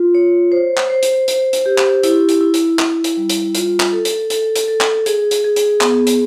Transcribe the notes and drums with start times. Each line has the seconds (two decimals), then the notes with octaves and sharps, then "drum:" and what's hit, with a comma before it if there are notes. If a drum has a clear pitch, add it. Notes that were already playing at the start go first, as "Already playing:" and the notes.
Already playing: F4
0.15 C#5
0.52 C5
0.77 drum: clap
0.90 C5
1.03 drum: hi-hat
1.28 C5, drum: hi-hat
1.53 drum: hi-hat
1.66 G4
1.78 drum: clap
2.03 E4, drum: hi-hat
2.29 drum: hi-hat
2.41 E4
2.54 drum: hi-hat
2.79 E4, drum: clap
3.04 drum: hi-hat
3.17 G3
3.30 drum: hi-hat
3.55 F4, drum: hi-hat
3.80 drum: clap
3.92 A4
4.05 drum: hi-hat
4.30 A4, drum: hi-hat
4.56 drum: hi-hat
4.68 A4
4.81 drum: clap
5.06 G#4, drum: hi-hat
5.31 drum: hi-hat
5.44 G#4
5.56 drum: hi-hat
5.81 B3, drum: clap
6.07 drum: hi-hat